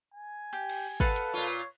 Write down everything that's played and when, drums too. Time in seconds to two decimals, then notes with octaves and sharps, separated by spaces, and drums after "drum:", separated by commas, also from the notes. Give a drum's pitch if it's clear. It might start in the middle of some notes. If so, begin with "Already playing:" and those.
0.14 G#5
0.53 G4
0.69 drum: cymbal
1.00 A4 B4 F5 F#5, drum: kick
1.16 drum: hi-hat
1.34 A#2 F4 C#5